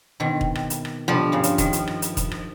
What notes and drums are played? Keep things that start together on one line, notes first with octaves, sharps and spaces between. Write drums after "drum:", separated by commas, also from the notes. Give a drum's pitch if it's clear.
B2 D#3 C4
drum: kick E1
drum: rim click
drum: hi-hat
drum: rim click
B2 D3 F3 G3
G2 C#3 A#5
drum: hi-hat
D#3, drum: kick E1, hi-hat
drum: hi-hat
drum: rim click
drum: hi-hat
drum: kick E1, hi-hat
drum: rim click